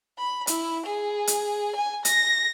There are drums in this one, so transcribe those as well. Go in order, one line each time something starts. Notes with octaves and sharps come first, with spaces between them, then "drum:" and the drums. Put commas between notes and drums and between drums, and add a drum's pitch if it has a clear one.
B5
E4, drum: hi-hat
G#4
drum: hi-hat
G#5
A#6, drum: hi-hat